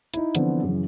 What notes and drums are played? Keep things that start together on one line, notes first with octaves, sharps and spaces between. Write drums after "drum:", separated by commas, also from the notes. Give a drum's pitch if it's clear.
D#4 E4, drum: hi-hat
D3 E3 F3 B3 C4 D4, drum: hi-hat
F#2 C#3 E3